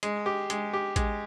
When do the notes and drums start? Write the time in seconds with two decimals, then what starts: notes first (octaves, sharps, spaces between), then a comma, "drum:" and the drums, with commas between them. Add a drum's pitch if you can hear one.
0.03 G#3, drum: hi-hat
0.26 G4
0.50 G#3, drum: hi-hat
0.73 G4
0.96 G#3, drum: kick A1, hi-hat